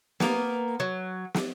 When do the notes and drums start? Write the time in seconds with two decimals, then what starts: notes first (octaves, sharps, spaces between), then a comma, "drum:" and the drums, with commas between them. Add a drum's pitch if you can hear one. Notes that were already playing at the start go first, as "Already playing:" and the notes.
0.20 A#3 B3 A#4, drum: snare
0.80 F#3
1.34 drum: snare